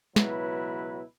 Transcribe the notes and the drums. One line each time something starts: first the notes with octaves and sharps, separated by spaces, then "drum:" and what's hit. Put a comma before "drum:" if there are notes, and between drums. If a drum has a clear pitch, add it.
C#2 B2 F#3 E4 B4, drum: snare